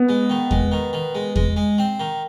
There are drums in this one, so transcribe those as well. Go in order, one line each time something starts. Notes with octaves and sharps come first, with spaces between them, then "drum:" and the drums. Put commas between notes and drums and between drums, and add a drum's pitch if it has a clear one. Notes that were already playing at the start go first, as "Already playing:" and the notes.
Already playing: B3
G#3
D#3
G#3, drum: kick E2
D#3
D#3
G#3
G#3, drum: kick E2
G#3
C4
D#3